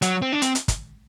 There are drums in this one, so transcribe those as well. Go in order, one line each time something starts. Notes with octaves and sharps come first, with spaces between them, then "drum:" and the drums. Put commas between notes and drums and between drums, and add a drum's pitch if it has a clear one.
F#3, drum: hi-hat
C4
D4
C4, drum: hi-hat
drum: hi-hat
drum: kick, hi-hat